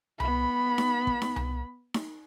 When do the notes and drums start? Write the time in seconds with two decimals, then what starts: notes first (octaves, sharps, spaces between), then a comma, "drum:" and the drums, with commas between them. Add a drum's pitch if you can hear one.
0.20 B3 B5, drum: tom C2
0.78 drum: snare D#4
1.07 drum: kick
1.22 drum: snare D#4
1.36 drum: tom C2
1.94 drum: snare D#4